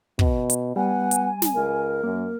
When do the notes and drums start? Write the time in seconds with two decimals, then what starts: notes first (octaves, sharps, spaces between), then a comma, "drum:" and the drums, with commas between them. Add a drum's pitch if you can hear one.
0.19 B2, drum: kick
0.50 drum: hi-hat
0.76 G3 B3 F#5 G#5
1.11 drum: hi-hat
1.42 drum: snare
1.55 C#2 A#4
2.04 F#2 A#3